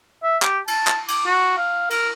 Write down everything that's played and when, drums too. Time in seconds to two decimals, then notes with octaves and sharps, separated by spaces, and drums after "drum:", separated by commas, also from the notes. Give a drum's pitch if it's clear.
0.23 E5
0.42 G4, drum: clap
0.68 A5, drum: cymbal
0.87 drum: clap
1.08 D6, drum: cymbal
1.26 F#4
1.58 F5
1.90 A#4, drum: cymbal